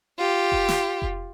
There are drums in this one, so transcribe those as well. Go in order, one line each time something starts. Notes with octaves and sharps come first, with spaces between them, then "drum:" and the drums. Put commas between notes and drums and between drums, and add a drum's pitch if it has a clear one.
F4 G4
drum: kick F1
drum: snare
drum: kick F1